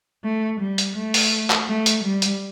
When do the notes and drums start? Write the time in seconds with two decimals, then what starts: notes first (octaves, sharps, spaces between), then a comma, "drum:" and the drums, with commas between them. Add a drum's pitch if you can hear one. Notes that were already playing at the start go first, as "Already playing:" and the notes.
0.24 A3
0.60 G3
0.78 drum: hi-hat
0.96 A3
1.14 drum: open hi-hat
1.50 drum: clap
1.68 A3
1.86 drum: hi-hat
2.04 G3
2.22 drum: hi-hat